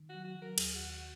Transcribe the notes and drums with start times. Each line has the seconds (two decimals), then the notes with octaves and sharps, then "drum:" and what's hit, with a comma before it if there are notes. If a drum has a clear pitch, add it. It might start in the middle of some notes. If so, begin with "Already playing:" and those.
Already playing: D#3
0.09 F#4
0.15 F#3
0.25 F#4
0.36 F#3
0.42 A#4
0.58 D#2 G#4, drum: cymbal
0.75 D#2 F#4
0.90 F#4